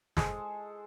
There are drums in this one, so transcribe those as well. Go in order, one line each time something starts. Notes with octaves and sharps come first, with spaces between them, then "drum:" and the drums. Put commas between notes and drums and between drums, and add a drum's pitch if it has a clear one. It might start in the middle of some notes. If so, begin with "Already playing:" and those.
G#3 A4 C5, drum: snare